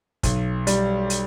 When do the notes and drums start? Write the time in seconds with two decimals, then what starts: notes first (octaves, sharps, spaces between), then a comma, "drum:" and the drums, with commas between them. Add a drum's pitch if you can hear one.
0.23 B1, drum: kick, hi-hat
0.67 G3, drum: hi-hat
1.10 drum: hi-hat